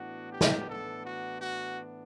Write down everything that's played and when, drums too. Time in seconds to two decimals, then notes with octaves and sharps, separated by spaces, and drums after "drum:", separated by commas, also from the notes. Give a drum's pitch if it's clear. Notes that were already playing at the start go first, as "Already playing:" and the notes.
Already playing: A2 E3 B3 D4 F#4
0.32 G4
0.41 drum: snare
0.69 A4
1.05 F#4
1.42 F#4